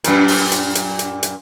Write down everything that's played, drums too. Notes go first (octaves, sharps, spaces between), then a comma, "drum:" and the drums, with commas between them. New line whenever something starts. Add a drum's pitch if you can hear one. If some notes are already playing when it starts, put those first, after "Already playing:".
F#2 A#2, drum: hi-hat
drum: open hi-hat
drum: hi-hat
drum: hi-hat
drum: hi-hat
drum: hi-hat